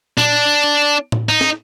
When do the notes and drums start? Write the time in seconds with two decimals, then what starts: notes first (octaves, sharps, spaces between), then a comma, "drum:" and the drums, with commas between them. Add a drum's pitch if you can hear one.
0.18 D4, drum: tom A#2
1.12 drum: tom A2
1.29 D#4
1.41 drum: snare